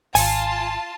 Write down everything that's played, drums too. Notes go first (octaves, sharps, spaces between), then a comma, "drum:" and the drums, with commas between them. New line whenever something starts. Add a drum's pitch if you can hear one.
G#1 F4 G#5 A5, drum: open hi-hat